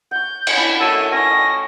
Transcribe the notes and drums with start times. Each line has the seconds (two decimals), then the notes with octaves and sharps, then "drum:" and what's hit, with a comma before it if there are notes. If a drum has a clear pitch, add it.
0.11 F#5 C#6 G6
0.47 drum: cymbal
0.57 C#4 D4 E4 B5
0.80 A3 F#4 A4 A#4 D#7
1.12 C#4 F#4 B4 A#6
1.30 D#5 G5